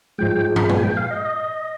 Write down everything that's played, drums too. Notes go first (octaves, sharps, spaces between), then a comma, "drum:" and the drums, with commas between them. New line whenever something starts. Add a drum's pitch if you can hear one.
G#2 F3 G#3 G5
B5, drum: tom
G#5, drum: tom
G5
F5
D#5